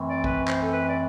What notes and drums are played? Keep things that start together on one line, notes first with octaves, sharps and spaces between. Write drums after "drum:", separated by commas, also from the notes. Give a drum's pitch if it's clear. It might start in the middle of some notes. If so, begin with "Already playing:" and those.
Already playing: F#2 E3 A3 C4
D5
B4, drum: kick
C5, drum: clap
A4
B4
D5